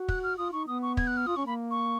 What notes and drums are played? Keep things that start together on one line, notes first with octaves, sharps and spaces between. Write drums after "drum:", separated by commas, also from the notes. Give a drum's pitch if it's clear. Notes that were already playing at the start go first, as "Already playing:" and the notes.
Already playing: F#4
F#6, drum: kick
F6
F4 D#6
D#4 C#6
B3 D#6
C#6
G#6, drum: kick
F#6
F6
F4 D#6
C#4 C#6
A#3 B5
C#6